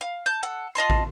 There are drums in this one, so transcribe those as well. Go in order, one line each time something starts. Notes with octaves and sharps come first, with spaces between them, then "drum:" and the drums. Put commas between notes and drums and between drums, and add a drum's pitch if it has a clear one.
F5
A5 G6
A4 F#5
F4 D#5 A5 C6
drum: kick